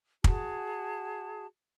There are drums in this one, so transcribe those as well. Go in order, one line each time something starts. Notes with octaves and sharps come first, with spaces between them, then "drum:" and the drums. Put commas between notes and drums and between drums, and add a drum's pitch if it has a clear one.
F#4 G#4 A5, drum: kick